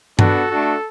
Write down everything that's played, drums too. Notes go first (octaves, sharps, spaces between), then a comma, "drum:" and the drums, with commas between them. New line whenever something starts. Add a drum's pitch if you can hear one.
B3 D4 F#4 A4, drum: tom G2
A3 D4 F#4